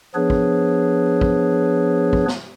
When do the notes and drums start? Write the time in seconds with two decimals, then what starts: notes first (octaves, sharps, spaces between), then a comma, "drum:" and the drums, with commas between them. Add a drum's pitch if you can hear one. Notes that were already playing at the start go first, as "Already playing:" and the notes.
0.15 F3 B3 D4 G#4 B4 C#5
0.30 drum: kick
1.21 drum: kick
2.13 drum: kick
2.28 drum: snare